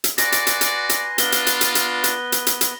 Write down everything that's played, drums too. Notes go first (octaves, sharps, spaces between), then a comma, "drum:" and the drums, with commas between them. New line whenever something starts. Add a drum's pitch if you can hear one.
drum: hi-hat
F#4 B4 D5 G#5 C6 A#6, drum: hi-hat
drum: hi-hat
drum: hi-hat
drum: hi-hat
drum: hi-hat
B3 D4 F4 B4 G7, drum: hi-hat
drum: hi-hat
drum: hi-hat
drum: hi-hat
drum: hi-hat
drum: hi-hat
drum: hi-hat
drum: hi-hat
drum: hi-hat